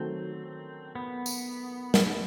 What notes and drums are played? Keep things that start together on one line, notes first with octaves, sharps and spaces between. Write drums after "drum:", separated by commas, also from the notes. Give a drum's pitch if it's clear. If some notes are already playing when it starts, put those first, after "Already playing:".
Already playing: D#3 F#3 A3 C4
B3
drum: tambourine
drum: snare